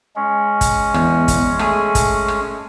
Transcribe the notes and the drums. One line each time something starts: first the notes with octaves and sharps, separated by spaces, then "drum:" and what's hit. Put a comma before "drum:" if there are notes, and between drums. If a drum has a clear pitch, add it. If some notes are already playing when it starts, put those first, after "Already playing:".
G#3 C#4
drum: kick, hi-hat
E2, drum: rim click
drum: kick, hi-hat
A3 G#4, drum: rim click
drum: kick, hi-hat
drum: rim click